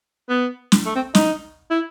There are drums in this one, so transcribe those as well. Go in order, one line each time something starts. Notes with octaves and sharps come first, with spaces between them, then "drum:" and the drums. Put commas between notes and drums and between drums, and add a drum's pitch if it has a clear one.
B3
drum: snare
A3
C4
D#4, drum: snare
E4